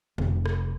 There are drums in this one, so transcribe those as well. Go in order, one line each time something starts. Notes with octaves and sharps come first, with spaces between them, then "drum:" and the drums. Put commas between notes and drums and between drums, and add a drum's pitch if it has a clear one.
F1, drum: tom B2
drum: rim click